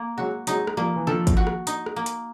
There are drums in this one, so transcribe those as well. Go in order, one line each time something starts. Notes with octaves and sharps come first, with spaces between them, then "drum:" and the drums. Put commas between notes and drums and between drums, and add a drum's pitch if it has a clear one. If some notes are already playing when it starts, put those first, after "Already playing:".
Already playing: A#3
F#3 G#3 F#4
F#3 G#3 D#4, drum: hi-hat
drum: rim click
F3 G3 A#3
E3
D#3 F3 A4
drum: kick, hi-hat
F#4
drum: rim click
D#4, drum: hi-hat
drum: rim click
A#3
drum: hi-hat